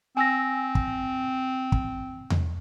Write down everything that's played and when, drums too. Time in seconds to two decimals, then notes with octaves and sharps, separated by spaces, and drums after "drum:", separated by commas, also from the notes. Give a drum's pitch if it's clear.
0.17 C4 G#5 E6 A#6
0.75 drum: kick
1.72 drum: kick
2.30 drum: tom E2